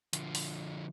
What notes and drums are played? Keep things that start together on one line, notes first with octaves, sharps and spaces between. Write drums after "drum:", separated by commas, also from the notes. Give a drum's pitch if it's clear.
D3 F3, drum: hi-hat
drum: open hi-hat